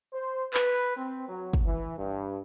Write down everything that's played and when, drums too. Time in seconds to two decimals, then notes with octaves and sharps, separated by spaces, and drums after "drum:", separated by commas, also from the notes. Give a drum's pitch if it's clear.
0.13 C5
0.54 B4, drum: clap
0.97 C4
1.28 F#3
1.53 drum: kick
1.65 E3
1.98 G2